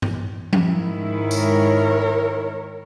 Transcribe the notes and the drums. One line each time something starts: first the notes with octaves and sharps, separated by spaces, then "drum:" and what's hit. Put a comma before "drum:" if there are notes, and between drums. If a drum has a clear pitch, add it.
drum: tom G2
drum: tom F3
G#2 D#3 E4
A#4 C#5, drum: tambourine